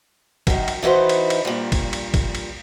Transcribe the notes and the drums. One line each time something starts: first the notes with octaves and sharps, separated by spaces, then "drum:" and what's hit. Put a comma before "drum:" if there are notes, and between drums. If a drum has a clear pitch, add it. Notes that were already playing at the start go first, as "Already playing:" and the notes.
F#2 D#3, drum: kick, cymbal
drum: cymbal
E3 D#4 F#4 B4 C5
drum: cymbal
drum: cymbal
G2 A#2
drum: kick, cymbal
drum: cymbal
drum: kick, cymbal
drum: cymbal